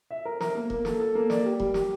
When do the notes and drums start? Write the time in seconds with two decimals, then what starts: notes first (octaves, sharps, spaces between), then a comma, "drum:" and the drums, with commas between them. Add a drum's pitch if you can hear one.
0.11 E5
0.25 A#4
0.40 A#4, drum: snare
0.55 A#3
0.70 A#3, drum: kick E1
0.85 A4, drum: snare
1.00 A4
1.15 A#3
1.30 D5, drum: snare
1.45 G4
1.60 G3, drum: kick E1
1.74 G4, drum: snare